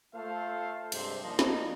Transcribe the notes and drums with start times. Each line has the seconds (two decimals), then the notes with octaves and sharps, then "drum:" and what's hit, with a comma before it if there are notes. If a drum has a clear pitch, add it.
0.15 A3 F4 A4 C5 F5
0.92 G2 C3 G#3 C5, drum: cymbal
1.23 F3 A#3 D4 D#4 D#5
1.39 drum: snare